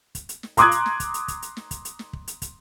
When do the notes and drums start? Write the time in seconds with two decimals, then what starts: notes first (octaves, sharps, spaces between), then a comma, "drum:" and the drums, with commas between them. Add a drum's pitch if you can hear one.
0.15 drum: kick, hi-hat
0.29 drum: hi-hat
0.43 drum: snare
0.57 A#5 C6 D6 D#6 F#6 G#6, drum: kick, hi-hat
0.71 drum: hi-hat
0.86 drum: snare
1.00 drum: kick, hi-hat
1.14 drum: hi-hat
1.28 drum: kick, hi-hat
1.42 drum: hi-hat
1.57 drum: snare
1.71 drum: kick, hi-hat
1.85 drum: hi-hat
1.99 drum: snare
2.13 drum: kick
2.28 drum: hi-hat
2.42 drum: kick, hi-hat